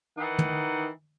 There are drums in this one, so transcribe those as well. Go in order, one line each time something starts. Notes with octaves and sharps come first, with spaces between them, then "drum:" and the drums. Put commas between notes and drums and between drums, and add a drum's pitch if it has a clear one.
D#3 E3 D#4 F#5
drum: tom